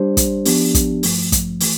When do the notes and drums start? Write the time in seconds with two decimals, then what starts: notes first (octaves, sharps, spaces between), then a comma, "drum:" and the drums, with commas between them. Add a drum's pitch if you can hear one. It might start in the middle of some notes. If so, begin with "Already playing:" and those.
Already playing: G3 D4 G4 C5
0.17 drum: kick, hi-hat
0.45 F3 B3 D4 G4, drum: open hi-hat
0.75 drum: kick, hi-hat
1.03 G2 F3 A3, drum: open hi-hat
1.32 drum: kick, hi-hat
1.60 E3 A3, drum: open hi-hat